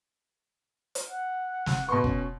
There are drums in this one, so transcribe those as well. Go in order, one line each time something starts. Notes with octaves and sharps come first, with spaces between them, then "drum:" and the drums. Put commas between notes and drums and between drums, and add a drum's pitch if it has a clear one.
drum: hi-hat
F#5
drum: snare
B2 B4 C6 C#6
C#4, drum: kick